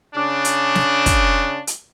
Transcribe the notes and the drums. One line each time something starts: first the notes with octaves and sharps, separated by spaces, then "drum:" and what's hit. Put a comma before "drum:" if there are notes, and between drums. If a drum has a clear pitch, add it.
C#3 D4
drum: hi-hat
drum: snare
drum: kick, hi-hat
drum: hi-hat